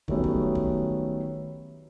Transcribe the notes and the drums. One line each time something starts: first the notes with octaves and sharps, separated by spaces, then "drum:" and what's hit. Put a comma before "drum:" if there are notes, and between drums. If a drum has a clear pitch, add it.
D#3 F#3 G3 A3 B3 C#4, drum: kick
drum: kick
drum: kick